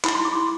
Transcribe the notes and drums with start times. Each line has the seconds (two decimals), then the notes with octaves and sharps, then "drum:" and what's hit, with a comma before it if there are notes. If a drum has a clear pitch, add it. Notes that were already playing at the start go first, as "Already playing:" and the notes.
0.04 E4 B5, drum: clap
0.15 C6
0.20 E4
0.25 D6
0.35 E4 C6